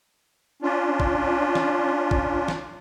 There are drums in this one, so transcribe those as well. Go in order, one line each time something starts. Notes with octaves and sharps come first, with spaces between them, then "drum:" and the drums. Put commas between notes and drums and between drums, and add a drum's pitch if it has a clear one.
C#4 D4 F4
drum: kick
drum: snare
drum: kick
drum: snare